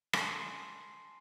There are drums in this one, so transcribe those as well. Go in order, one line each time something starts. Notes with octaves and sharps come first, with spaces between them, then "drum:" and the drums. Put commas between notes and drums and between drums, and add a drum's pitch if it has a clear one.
G#5 A5 C6 C7, drum: rim click